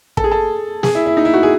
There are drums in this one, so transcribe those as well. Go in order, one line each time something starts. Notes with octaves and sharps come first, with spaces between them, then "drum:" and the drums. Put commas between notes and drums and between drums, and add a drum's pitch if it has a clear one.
A4, drum: kick
G#4
A4
G#4, drum: snare
E4
E4
D#4
E4
F#4
G#4